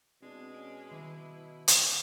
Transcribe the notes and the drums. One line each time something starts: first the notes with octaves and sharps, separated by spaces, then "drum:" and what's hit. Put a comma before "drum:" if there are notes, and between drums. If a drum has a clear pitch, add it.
B2 G#3 C4 D4
C#4 D7
D#3 E4 D6 D#7
D3 A#5, drum: hi-hat